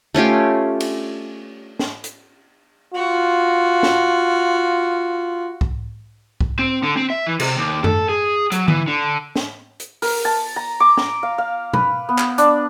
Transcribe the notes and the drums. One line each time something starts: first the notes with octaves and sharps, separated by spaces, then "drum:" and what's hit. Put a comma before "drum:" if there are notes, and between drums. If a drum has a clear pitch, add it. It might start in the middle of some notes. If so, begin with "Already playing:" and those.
A3 C#4 F4 G4
drum: cymbal
drum: snare
drum: hi-hat
F4 F#4
drum: snare
drum: kick C2
drum: kick C2
C4
D3
C4
E5
E3
C3, drum: cymbal
D#2
A4, drum: tom F#2
G#4
F#3, drum: hi-hat
E3, drum: tom D3
D3
drum: snare
drum: hi-hat
A#4, drum: open hi-hat
A5
A#5
D6
A#5, drum: snare
F5
F5
B4, drum: tom B2
B3
drum: clap
D4, drum: hi-hat